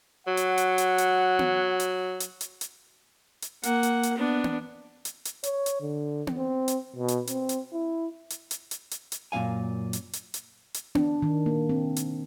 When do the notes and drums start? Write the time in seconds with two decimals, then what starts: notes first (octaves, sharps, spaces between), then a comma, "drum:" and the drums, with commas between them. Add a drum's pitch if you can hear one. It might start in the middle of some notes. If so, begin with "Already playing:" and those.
0.27 F#3 F#5
0.37 drum: hi-hat
0.58 drum: hi-hat
0.78 drum: hi-hat
0.98 drum: hi-hat
1.39 drum: tom B3
1.80 drum: hi-hat
2.20 drum: hi-hat
2.41 drum: hi-hat
2.61 drum: hi-hat
3.42 drum: hi-hat
3.63 A#3 F#5, drum: hi-hat
3.83 drum: hi-hat
4.03 drum: hi-hat
4.18 B3 D4
4.44 drum: tom B3
5.05 drum: hi-hat
5.25 drum: hi-hat
5.43 C#5, drum: hi-hat
5.66 drum: hi-hat
5.81 D3
6.27 drum: tom B3
6.37 C4
6.68 drum: hi-hat
6.96 B2
7.08 drum: hi-hat
7.27 C4, drum: hi-hat
7.49 drum: hi-hat
7.73 E4
8.30 drum: hi-hat
8.51 drum: hi-hat
8.71 drum: hi-hat
8.91 drum: hi-hat
9.12 drum: hi-hat
9.32 F#2 A#2 C4 F5 G#5
9.93 drum: hi-hat
10.13 drum: hi-hat
10.34 drum: hi-hat
10.74 drum: hi-hat
10.95 D4, drum: tom B3
11.22 D#3
11.46 A#3
11.69 C4
11.96 drum: hi-hat